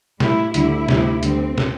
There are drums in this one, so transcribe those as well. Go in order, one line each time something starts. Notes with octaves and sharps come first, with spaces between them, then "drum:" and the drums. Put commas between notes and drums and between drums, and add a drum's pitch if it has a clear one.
A2 G3 E4, drum: snare
D2 D3 G3 E4, drum: hi-hat
D2 C3 G3, drum: snare
D2 D3 G3 C4, drum: hi-hat
drum: snare